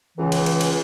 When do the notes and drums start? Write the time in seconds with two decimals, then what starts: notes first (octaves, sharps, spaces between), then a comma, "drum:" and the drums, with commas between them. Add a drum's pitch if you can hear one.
0.18 C#2 C#3 E3
0.32 drum: cymbal
0.46 drum: cymbal
0.61 drum: cymbal